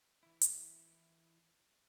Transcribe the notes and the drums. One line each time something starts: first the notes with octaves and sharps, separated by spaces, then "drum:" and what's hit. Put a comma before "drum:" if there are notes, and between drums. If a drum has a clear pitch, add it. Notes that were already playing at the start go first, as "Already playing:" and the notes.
E3 E4
drum: hi-hat